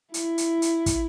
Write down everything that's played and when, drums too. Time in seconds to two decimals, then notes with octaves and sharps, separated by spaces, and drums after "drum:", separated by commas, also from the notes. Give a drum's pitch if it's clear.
0.14 E4, drum: hi-hat
0.38 drum: hi-hat
0.62 drum: hi-hat
0.86 drum: kick, hi-hat